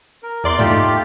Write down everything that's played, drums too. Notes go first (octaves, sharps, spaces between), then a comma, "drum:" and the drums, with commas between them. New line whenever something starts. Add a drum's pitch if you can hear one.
A#4
E2 D5 C6
A3 D#4 F4 G4, drum: tom G2